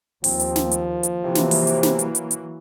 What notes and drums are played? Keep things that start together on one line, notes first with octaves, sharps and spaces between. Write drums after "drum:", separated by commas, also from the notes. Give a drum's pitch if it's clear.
D#2 F3 C4, drum: open hi-hat
drum: hi-hat
drum: snare
drum: hi-hat
drum: hi-hat
C3 E3 F#3 A#3
drum: snare
drum: open hi-hat
drum: hi-hat
drum: snare
drum: hi-hat
drum: hi-hat
drum: hi-hat